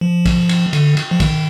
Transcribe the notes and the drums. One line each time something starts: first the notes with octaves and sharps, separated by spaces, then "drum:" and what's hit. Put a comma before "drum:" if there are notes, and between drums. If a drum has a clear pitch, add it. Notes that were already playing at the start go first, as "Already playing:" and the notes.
F3
drum: kick, cymbal
drum: cymbal
D3, drum: cymbal
drum: cymbal
F3
D#3, drum: kick, cymbal